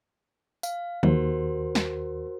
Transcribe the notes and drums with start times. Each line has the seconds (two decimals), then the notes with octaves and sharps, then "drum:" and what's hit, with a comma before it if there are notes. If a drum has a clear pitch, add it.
0.63 F5, drum: tambourine
1.03 D#2 F#4 A#4 C5, drum: tom
1.75 drum: snare